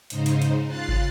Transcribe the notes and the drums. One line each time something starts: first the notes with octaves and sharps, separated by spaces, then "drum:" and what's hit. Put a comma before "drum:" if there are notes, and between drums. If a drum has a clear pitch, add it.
G#2 C#3 D#4 C5, drum: hi-hat
drum: hi-hat
drum: hi-hat
C#3 F4 F#6 A6 C7
drum: kick